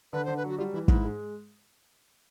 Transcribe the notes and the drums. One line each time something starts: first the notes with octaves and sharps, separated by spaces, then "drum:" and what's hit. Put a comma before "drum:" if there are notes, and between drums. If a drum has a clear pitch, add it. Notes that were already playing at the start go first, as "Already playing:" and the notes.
D3 B4
D3 C5
B4
F#3
F#4
G3 F4
E3 E4
G#2 E4, drum: kick
G#3